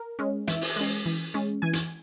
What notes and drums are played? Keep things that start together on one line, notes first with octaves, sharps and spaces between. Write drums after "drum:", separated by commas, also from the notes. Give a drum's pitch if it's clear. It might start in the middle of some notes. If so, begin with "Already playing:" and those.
Already playing: A#4
G#3 C#4
E3 E5, drum: hi-hat
drum: open hi-hat
G#3 C#4
E3
G#3 C#4
E3 G#5
drum: hi-hat